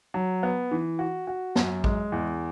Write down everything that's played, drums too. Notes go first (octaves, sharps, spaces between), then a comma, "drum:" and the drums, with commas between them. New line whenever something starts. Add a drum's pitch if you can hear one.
F#3
B3
E3
F#4
F#4
F#2, drum: snare
G#3, drum: kick A1
E2